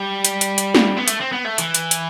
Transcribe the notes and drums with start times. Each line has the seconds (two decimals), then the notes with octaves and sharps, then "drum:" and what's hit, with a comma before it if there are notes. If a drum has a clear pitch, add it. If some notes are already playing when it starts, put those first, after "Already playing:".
Already playing: G3
0.25 drum: hi-hat
0.41 drum: hi-hat
0.58 drum: hi-hat
0.75 drum: snare
0.97 B3
1.08 A3, drum: hi-hat
1.21 C4
1.33 B3
1.45 A3
1.58 E3, drum: hi-hat
1.75 drum: hi-hat
1.91 drum: hi-hat